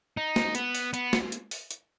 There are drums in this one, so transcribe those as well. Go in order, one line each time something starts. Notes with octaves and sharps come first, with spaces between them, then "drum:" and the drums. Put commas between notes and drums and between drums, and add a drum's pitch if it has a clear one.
D#4
drum: snare
B3, drum: hi-hat
drum: open hi-hat
B3, drum: hi-hat
drum: snare
drum: hi-hat
drum: open hi-hat
drum: hi-hat